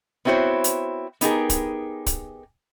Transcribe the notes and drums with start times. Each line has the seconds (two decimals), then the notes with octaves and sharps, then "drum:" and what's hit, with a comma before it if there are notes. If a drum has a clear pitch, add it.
0.25 B3 C4 E4 F#4 C5 C#5
0.64 drum: hi-hat
1.21 B3 D#4 G4 G#4 A#4, drum: hi-hat
1.50 drum: kick, hi-hat
2.06 drum: kick, hi-hat